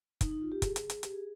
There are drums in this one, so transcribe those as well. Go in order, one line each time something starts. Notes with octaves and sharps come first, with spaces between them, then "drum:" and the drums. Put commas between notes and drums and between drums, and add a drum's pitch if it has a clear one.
D#4, drum: kick, hi-hat
D#4
F4
G4
G#4, drum: kick, hi-hat
drum: hi-hat
drum: hi-hat
G4, drum: hi-hat
G#4